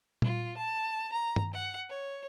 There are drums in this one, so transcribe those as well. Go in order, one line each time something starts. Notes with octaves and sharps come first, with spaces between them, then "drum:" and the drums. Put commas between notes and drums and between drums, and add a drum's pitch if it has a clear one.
F4, drum: tom A#2
A5
A#5
drum: tom G2
F#5
C#5